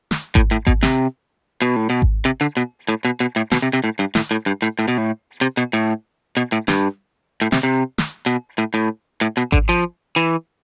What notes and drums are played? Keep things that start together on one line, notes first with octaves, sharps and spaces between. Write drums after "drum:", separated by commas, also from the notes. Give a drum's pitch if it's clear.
drum: snare
A2, drum: kick G#1
A2
B2, drum: kick G#1
C3, drum: snare
B2
A2
B2
drum: kick G#1
C3
D3
B2
A2
B2
B2
A2
B2, drum: snare
C3
C3
A2
G2
A2, drum: snare
A2
G2
A2, drum: hi-hat
A2
B2
A2
C3, drum: hi-hat
B2
A2
B2
A2
G2, drum: snare
A2
C3, drum: snare
C3
drum: snare
B2
A2
A2
A2
B2
D3, drum: kick G#1
F3
E3